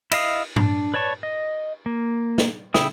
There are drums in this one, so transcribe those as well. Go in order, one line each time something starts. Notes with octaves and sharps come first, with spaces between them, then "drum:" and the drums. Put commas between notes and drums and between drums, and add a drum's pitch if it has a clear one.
E4 D#5 F5 D#6, drum: cymbal
D4, drum: tom G2
B4 C#5 D5 A5 C#6
D#5
A#3
drum: snare
C#3 E4 G5 D#6, drum: snare